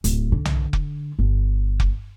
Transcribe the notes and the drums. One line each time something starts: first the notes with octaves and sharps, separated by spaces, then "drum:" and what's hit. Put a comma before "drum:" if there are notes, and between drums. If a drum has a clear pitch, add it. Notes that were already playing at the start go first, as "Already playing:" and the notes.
D1, drum: hi-hat
D3
drum: tom B1
drum: kick F1
G1
drum: kick F1